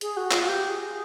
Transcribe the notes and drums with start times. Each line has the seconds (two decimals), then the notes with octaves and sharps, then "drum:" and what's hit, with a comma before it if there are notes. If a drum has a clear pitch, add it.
0.01 G#4, drum: hi-hat
0.16 F#4
0.31 F4, drum: clap
0.47 G4
0.69 G#4